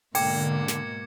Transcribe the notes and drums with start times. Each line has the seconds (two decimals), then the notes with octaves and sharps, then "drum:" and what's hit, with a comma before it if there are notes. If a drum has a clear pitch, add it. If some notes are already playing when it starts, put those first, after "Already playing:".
0.15 G#2 B2 D3 A#3 G5 D6 G#6 C#7, drum: open hi-hat
0.68 drum: snare